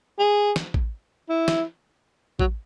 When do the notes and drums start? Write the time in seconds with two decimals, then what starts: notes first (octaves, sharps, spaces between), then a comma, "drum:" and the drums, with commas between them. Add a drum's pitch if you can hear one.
0.19 G#4
0.56 drum: snare
0.74 drum: kick A1
1.30 E4
1.48 drum: snare
2.39 F#3, drum: kick A1